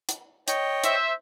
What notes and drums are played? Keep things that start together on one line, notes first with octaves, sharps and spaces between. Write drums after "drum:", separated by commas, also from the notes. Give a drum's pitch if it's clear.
drum: hi-hat
C#5 D#5 G5, drum: hi-hat
C5 E5, drum: hi-hat